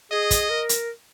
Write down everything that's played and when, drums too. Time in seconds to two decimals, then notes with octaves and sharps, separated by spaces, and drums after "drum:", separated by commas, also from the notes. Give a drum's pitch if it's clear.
0.11 G#4 D#5
0.31 drum: kick, hi-hat
0.50 A#4
0.69 drum: hi-hat